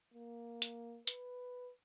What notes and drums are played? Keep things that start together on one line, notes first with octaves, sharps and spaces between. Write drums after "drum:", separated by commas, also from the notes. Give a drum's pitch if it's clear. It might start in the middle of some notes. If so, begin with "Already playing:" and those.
A#3
drum: hi-hat
B4, drum: hi-hat